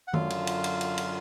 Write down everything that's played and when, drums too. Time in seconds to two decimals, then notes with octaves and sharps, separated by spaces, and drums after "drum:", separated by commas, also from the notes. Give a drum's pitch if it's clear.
0.08 F#5
0.14 F#2 D3 F#3 F4 F5, drum: tom
0.30 drum: cymbal
0.47 drum: cymbal
0.64 drum: cymbal
0.81 drum: cymbal
0.98 drum: cymbal